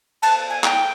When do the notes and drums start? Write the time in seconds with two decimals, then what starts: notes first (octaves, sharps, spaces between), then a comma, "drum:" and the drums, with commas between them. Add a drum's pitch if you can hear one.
0.22 A5, drum: cymbal
0.50 G#5
0.64 G5, drum: clap